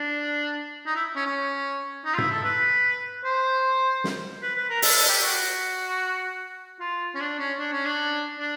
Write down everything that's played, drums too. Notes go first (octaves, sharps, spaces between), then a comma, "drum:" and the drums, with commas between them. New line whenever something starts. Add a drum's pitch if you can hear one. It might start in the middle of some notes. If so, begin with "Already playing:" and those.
Already playing: D4
D#4
E4
C#4
C#4
D#4
F4
E4, drum: tom G#2
A4
B4
C5
drum: snare
B4
B4
A#4
A4, drum: open hi-hat
A4
G4
F#4
F4
C#4
D4
C#4
D4
C#4
D4
D4